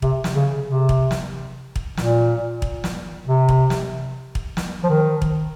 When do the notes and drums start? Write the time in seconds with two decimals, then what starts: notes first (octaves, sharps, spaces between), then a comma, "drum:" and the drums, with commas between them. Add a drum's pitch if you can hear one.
0.02 C3, drum: kick
0.24 drum: snare
0.35 C#3
0.67 C3
0.89 drum: kick
1.11 drum: snare
1.76 drum: kick
1.97 A#2, drum: snare
2.62 drum: kick
2.84 drum: snare
3.27 C3
3.49 drum: kick
3.70 drum: snare
4.35 drum: kick
4.57 drum: snare
4.83 F3
4.89 D#3
5.22 drum: kick